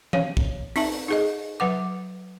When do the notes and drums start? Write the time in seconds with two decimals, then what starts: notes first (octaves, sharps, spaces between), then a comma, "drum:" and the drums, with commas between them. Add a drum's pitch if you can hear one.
0.13 C#5 F5, drum: tom E3
0.37 drum: kick
0.76 C4 D#4 E5 A5, drum: open hi-hat
1.08 D#4 G#4 D#5
1.60 F#3 B4 F#5 D6